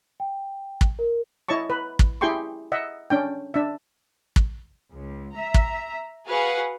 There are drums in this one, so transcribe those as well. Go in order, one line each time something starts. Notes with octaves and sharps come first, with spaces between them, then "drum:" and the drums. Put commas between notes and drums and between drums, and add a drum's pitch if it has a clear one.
G5
drum: kick
A#4
E4 C#5 D#5 A5 C#6
B4
drum: kick
E4 G4 G#4 G5 C6 C#6
D#5 E5 F#5
C#4 D4 G5
D4 E5
drum: kick
C#2
E5 A#5
drum: kick
F#4 G#4 B4 F5 F#5 G#5